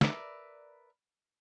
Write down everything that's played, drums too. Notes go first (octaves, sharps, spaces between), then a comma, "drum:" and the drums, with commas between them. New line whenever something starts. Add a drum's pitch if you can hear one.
A#4 B4 D5 E5, drum: snare